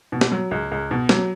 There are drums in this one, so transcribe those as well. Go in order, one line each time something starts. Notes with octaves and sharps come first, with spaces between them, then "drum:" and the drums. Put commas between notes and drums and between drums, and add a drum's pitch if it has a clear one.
B2
drum: snare
F#3
C#2
C#2
B2
F#3, drum: snare